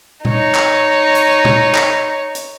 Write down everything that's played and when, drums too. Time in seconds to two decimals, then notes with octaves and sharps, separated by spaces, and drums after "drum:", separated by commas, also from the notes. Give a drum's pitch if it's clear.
0.25 D#4 C#5, drum: tom
0.55 drum: clap
1.15 drum: hi-hat
1.45 drum: tom
1.75 drum: clap
2.35 drum: hi-hat